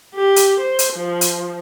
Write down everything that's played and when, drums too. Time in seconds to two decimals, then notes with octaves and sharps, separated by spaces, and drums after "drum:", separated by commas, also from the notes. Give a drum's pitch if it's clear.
0.15 G4
0.36 drum: hi-hat
0.61 C5
0.79 drum: hi-hat
0.94 F3
1.21 drum: hi-hat